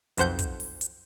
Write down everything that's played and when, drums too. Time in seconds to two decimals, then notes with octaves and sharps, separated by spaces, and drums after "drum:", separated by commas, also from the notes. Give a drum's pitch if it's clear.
0.17 B1 F2 C5 F#5 G6, drum: hi-hat
0.39 drum: kick, hi-hat
0.60 drum: open hi-hat
0.81 drum: hi-hat